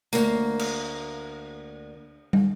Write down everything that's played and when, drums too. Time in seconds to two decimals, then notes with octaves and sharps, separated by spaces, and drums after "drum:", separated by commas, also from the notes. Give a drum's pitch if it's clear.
0.13 D2 A#3, drum: tambourine
0.59 drum: cymbal
2.33 drum: tom